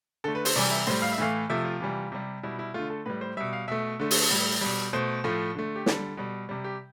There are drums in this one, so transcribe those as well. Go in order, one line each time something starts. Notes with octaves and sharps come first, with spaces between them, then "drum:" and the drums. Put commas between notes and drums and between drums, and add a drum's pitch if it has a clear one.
D3 A3 A4
B4
C5, drum: open hi-hat
C3 E3 G3 D5
E5
A2 G3 C5
F5
E5
A2 E3 A3 F5
C3 F3 A3 E5
F4
C3 E3 G3
C3 G3
B2 G3 E4
E4
D3 A3 F4
A4
A2 G3 B4
C5
B2 G3 E5
F5
B2 A3 E5
D3 A3
drum: open hi-hat
A2 G3
B2 G3
B2 A3 C5
A2 F3 A3
D3 A3
G4
D3 G3 A4, drum: snare
B2 G3
C3 G3
G4